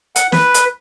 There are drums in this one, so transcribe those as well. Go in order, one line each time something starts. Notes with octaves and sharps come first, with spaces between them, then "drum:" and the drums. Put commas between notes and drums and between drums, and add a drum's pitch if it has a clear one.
F#5, drum: hi-hat
B4, drum: snare
drum: hi-hat